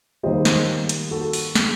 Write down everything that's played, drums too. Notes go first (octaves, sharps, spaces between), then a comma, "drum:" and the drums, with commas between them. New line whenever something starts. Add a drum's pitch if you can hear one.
D#2 D#3 G3 A#3 C5 D#5
drum: snare
drum: hi-hat
F#4 A4
drum: open hi-hat
drum: snare